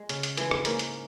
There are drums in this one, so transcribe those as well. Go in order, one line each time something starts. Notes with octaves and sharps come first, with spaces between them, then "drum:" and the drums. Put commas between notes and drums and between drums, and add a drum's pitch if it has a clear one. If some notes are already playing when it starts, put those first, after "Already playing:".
Already playing: G#3
C#3, drum: hi-hat
drum: hi-hat
E3 G#3, drum: hi-hat
drum: rim click
G#2 A#3 C#4, drum: hi-hat
drum: hi-hat